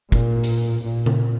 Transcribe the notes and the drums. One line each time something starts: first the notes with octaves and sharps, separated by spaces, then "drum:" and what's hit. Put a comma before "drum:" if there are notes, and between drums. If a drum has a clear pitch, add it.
A#2, drum: kick
drum: hi-hat
A#2
drum: tom C#3